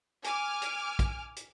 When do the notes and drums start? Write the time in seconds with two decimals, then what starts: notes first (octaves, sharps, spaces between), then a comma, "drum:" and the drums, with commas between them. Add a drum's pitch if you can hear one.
0.24 G#5 D6 F6, drum: hi-hat
0.62 drum: hi-hat
0.99 drum: kick, hi-hat
1.36 drum: hi-hat